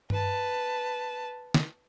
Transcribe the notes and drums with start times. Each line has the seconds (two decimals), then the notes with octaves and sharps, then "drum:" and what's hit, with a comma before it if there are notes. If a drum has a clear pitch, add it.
0.10 B4 A5, drum: tom G2
1.54 drum: snare